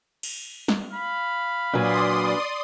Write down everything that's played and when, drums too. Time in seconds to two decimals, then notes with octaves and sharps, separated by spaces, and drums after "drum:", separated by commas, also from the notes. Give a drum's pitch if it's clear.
0.23 drum: cymbal
0.68 drum: snare
0.92 F5 B5
1.74 A#2 F#3 D4 B4 D5 G#5 C6 D#6